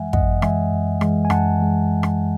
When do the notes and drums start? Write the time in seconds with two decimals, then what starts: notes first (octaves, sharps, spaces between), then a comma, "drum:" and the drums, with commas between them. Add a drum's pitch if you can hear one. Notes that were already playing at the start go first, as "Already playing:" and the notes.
Already playing: F#2 E3 G#3 E5 F#5 G#5
0.13 F#2 D#5 F#5, drum: kick
0.42 E3 G#3 E5 G#5, drum: rim click
0.72 F#2
1.01 E3 G#3, drum: rim click
1.25 G#5
1.30 F#2 F#5 A5, drum: rim click
1.59 E3 G#3
2.03 drum: rim click